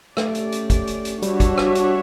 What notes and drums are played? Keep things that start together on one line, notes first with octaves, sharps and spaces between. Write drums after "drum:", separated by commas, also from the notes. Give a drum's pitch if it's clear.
A3 C#4 G4 D5, drum: rim click
drum: hi-hat
drum: hi-hat
drum: kick G#1, hi-hat
drum: hi-hat
drum: hi-hat
G3 D4 F#4 C#5 E5, drum: hi-hat
drum: kick G#1, hi-hat
drum: rim click
drum: hi-hat